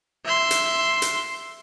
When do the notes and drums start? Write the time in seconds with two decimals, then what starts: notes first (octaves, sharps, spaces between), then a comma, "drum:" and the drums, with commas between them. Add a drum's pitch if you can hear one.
0.25 E5 C6
0.51 drum: hi-hat
1.02 drum: hi-hat